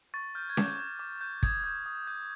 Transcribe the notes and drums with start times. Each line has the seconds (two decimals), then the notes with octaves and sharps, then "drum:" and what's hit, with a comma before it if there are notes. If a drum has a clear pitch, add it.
0.14 C#6 A6
0.35 F6 G6
0.49 G#6
0.57 D6, drum: snare C#4
0.63 G6
0.78 G6
0.99 D6
1.21 G6
1.43 D#6 G#6, drum: kick
1.64 G6
1.86 D#6
2.07 G6